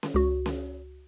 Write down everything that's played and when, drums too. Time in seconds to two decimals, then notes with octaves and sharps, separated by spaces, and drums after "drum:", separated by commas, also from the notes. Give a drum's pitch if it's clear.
0.03 drum: snare C#4
0.14 C#2 F#4
0.46 drum: snare C#4